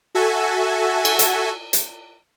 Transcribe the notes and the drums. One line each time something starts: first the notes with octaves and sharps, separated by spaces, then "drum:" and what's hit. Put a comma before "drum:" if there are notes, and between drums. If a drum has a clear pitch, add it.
F#4 A4 E5 G#5
drum: cymbal
drum: hi-hat
drum: hi-hat